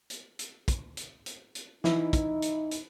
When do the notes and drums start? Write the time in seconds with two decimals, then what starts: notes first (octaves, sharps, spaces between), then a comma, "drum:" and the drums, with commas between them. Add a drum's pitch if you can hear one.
0.10 drum: hi-hat
0.39 drum: hi-hat
0.68 drum: kick, hi-hat
0.97 drum: hi-hat
1.26 drum: hi-hat
1.55 drum: hi-hat
1.84 E3 D#4 E4, drum: snare
2.13 drum: kick, hi-hat
2.42 drum: hi-hat
2.71 drum: hi-hat